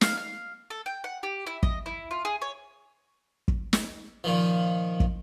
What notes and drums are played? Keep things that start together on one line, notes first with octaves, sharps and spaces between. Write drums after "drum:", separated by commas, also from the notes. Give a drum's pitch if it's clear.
F5, drum: snare
F5
A4
G5
F#5
G4
E4
D#5, drum: kick
E4
F4
G#4
C#5
drum: kick
drum: snare
A#2 D#3 F3
drum: kick